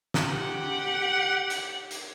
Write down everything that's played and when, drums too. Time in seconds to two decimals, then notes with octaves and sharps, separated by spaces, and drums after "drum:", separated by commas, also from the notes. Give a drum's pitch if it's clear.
0.14 drum: snare
0.25 G4 F#5
1.50 drum: hi-hat
1.91 drum: hi-hat